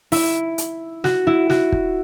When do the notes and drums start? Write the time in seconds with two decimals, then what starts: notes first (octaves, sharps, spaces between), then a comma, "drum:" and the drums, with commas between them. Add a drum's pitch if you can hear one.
0.12 E4, drum: open hi-hat
0.58 drum: hi-hat
1.04 F#4, drum: snare
1.27 E4
1.50 F#4, drum: snare
1.72 drum: kick